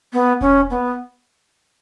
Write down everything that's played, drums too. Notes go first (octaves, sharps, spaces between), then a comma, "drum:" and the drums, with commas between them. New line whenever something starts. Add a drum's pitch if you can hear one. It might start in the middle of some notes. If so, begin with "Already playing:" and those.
B3
C#4, drum: kick E1
B3